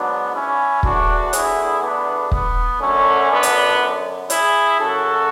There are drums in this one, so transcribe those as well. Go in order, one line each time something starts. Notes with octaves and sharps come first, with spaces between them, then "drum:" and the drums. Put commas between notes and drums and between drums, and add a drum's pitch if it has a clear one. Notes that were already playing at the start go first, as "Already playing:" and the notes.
Already playing: G#2 F#3 B3 D4
C#4 E4
E2 D3 A3 D4 F#4, drum: kick
E4 G#4, drum: hi-hat
B3 D4
B3, drum: kick
F#2 D3 F#3 A3 C#4
B3 D4
drum: hi-hat
E4 G#4, drum: hi-hat
F#2 C#3 F#3 F#4 A4